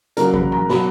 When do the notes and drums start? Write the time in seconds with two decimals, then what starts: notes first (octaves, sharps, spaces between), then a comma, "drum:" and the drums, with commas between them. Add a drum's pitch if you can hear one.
0.17 C#3 F#3 A#3 A#4, drum: hi-hat
0.34 B4, drum: kick G#1
0.52 A#5, drum: tom G#2
0.69 B2 F#3 B3 B5, drum: snare